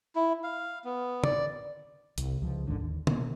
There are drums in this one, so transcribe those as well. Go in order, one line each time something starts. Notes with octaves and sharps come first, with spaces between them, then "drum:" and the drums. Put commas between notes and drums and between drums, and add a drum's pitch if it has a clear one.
E4
F5
B3
D5, drum: tom
C2, drum: hi-hat
C#2 F3
G#1 D#2 G#2 D3
D#2
B2 A#3, drum: tom D3